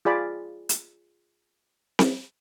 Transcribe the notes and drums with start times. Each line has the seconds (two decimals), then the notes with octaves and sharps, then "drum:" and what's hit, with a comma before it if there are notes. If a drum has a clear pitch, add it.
0.05 F4 G#4 D5 B5
0.69 drum: hi-hat
1.99 drum: snare C4